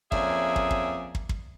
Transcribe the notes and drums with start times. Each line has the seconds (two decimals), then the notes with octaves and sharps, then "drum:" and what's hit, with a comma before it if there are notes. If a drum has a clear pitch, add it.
0.12 F2 A#3 C#4 G#4 D5 E5, drum: kick
0.56 drum: kick
0.71 drum: kick
1.15 drum: kick
1.29 drum: kick